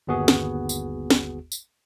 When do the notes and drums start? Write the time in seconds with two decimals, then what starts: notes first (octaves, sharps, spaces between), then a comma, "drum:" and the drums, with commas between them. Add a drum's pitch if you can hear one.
0.07 G1 D#2 B3 F#4 G#4
0.28 drum: snare
0.69 drum: tambourine
1.10 drum: snare
1.52 drum: tambourine